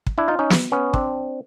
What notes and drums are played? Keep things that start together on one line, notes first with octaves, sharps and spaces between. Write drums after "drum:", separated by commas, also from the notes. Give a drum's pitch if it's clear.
drum: kick
D4 E4
D#4 F4
C#4 D#4
drum: snare
B3 C#4
C4 D4, drum: kick